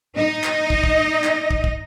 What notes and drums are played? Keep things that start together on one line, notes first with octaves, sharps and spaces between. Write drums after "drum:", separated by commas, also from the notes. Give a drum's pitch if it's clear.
D#4 D#5
drum: clap
drum: kick
drum: kick
drum: clap
drum: kick
drum: kick